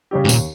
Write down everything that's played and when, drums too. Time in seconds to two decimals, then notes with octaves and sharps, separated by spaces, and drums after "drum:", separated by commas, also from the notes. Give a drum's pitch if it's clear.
0.11 C#3 G3 C#4 G4
0.25 G#2
0.29 D#2 A#2, drum: tambourine